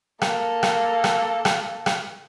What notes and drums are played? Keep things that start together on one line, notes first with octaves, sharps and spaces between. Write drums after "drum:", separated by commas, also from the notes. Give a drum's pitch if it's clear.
A#3 A4, drum: rim click
drum: rim click
drum: rim click
drum: rim click
drum: rim click